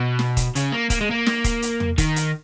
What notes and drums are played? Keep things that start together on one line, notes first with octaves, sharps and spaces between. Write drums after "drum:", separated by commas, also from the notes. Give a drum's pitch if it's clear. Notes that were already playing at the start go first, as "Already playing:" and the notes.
Already playing: B2
drum: snare
drum: kick D#1, hi-hat
C#3, drum: hi-hat
A#3
A#3, drum: kick D#1, hi-hat
G#3
A#3
drum: snare
drum: kick D#1, hi-hat
drum: hi-hat
drum: tom
D#3, drum: kick D#1, hi-hat
drum: hi-hat